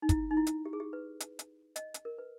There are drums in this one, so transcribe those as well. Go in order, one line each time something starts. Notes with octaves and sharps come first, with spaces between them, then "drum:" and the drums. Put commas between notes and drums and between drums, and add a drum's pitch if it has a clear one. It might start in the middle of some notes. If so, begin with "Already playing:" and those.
D#4
E4, drum: kick, hi-hat
D#4
E4
drum: hi-hat
G4
G#4
G4
B4
drum: hi-hat
drum: hi-hat
D#5, drum: hi-hat
drum: hi-hat
A#4
B4